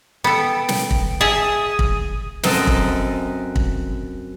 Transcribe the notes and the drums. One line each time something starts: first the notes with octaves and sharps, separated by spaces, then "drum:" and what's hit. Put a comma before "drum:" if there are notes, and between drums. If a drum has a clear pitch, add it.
B3 A4 G5
drum: snare
drum: kick
G#4 E5 A5 D#6
drum: kick
F#2 C4 A4 D#5 A5, drum: snare
drum: kick
drum: kick